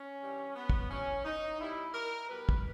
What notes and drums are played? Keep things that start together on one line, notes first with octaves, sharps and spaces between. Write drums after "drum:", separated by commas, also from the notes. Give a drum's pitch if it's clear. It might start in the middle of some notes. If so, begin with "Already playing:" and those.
Already playing: C#4
G2 E3 G3
B3
drum: kick
G2 E3 G3 C#4
D#4
B2 G3 E4
A#4
B2 G3 B4
drum: kick